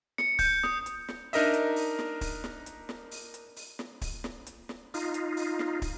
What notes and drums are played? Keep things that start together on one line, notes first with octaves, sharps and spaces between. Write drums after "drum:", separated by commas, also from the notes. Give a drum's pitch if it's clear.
C#7, drum: snare
G6, drum: kick, open hi-hat
D#6, drum: snare
drum: hi-hat
drum: snare
D4 D#4 A#4 D#5 E5, drum: open hi-hat
drum: hi-hat
drum: open hi-hat
drum: snare
drum: kick, open hi-hat
drum: snare
drum: hi-hat
drum: snare
drum: open hi-hat
drum: hi-hat
drum: open hi-hat
drum: snare
drum: kick, open hi-hat
drum: snare
drum: hi-hat
drum: snare
D#4 F4, drum: open hi-hat
drum: hi-hat
drum: open hi-hat
drum: snare
drum: kick, open hi-hat